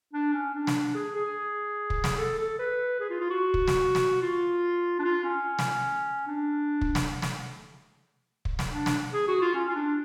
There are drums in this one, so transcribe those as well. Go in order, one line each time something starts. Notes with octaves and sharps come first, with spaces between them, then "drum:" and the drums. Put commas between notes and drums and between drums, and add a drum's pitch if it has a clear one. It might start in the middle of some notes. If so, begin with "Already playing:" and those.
D4
C#4
D4
drum: snare
G#4
G#4
drum: kick
drum: snare
A4
A4
B4
G#4
F4
F4
F#4
drum: kick
drum: snare
drum: snare
F4
D4
F4
C#4
drum: snare
D4
drum: kick
drum: snare
drum: snare
drum: kick
drum: snare
D4
drum: snare
G#4
F#4
F4
C#4
F4
D4